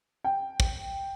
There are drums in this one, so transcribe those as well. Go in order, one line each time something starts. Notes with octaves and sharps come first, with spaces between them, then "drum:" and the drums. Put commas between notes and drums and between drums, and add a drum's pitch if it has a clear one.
G5
drum: kick